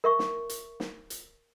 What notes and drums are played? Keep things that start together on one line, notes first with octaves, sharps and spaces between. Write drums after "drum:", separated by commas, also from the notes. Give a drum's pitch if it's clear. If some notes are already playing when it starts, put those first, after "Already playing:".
A#4 E5 C#6
drum: snare
drum: hi-hat
drum: snare
drum: hi-hat